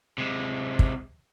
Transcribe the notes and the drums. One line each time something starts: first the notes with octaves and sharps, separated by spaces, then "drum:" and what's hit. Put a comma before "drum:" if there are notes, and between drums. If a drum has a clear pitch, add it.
C3 G#3
drum: kick